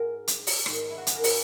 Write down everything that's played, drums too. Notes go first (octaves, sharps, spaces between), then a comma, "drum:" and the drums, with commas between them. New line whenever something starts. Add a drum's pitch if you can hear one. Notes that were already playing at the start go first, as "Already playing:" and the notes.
Already playing: G#2 F#4 G#4 A#4
drum: hi-hat
drum: open hi-hat
G#2 D#3, drum: rim click
E4
F#4
G#4, drum: hi-hat
A#4
B4, drum: open hi-hat